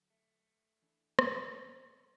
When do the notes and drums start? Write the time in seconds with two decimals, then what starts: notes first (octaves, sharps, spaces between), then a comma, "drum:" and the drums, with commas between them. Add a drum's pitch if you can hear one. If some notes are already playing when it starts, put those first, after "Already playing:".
Already playing: D3 F#3 A4
0.10 A3
0.82 E3 D4 A4
1.19 drum: rim click
1.55 B3
1.73 A3
1.91 B3